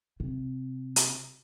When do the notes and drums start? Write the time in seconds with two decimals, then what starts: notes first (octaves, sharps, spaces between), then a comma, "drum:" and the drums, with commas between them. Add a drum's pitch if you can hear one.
0.20 C3
0.96 drum: hi-hat